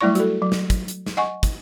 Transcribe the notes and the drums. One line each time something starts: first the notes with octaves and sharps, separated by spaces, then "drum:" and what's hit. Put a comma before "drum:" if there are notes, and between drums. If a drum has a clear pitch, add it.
F#3 G3 A3 E4 D5 C#6
F#4 A4, drum: hi-hat
F#3
drum: snare
drum: kick, hi-hat
drum: hi-hat
drum: snare
D#5 F#5 G#5 C#6
drum: kick, hi-hat